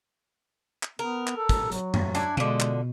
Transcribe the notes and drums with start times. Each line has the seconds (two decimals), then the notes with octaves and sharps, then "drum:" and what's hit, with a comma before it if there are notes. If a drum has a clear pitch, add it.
0.83 drum: clap
0.99 B3 A#4
1.27 drum: clap
1.36 A4
1.49 drum: kick, hi-hat
1.72 F#3, drum: hi-hat
1.94 drum: tom F#2
2.15 D4 E4 G#5, drum: hi-hat
2.37 B2 D3 F3 G#3
2.60 drum: clap